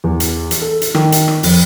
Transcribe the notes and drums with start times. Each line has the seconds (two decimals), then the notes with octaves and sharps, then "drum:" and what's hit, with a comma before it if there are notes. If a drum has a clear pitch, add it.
0.04 E2
0.20 drum: hi-hat
0.51 drum: hi-hat
0.62 A4
0.82 drum: hi-hat
0.95 D#3, drum: rim click
1.12 drum: hi-hat
1.28 drum: rim click
1.43 F2, drum: open hi-hat